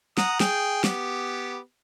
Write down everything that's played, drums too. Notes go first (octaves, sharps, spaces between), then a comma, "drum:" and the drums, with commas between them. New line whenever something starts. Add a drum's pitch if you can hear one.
F#5 A#5 D#6, drum: snare
G#4 G5, drum: snare
B3 G4, drum: snare